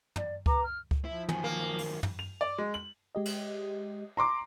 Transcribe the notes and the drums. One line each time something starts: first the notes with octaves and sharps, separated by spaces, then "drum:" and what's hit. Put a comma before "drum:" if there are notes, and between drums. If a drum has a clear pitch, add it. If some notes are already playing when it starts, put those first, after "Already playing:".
D5, drum: tom
B4 A#5 D6, drum: kick C#2
F6
drum: kick C#2
F3 E4
D#3 F#3 G#5, drum: tom
A#3
drum: open hi-hat
drum: tom
F7
D5
G#3
F#7
G#3 G4 D#5
drum: cymbal
A#5 C6 D6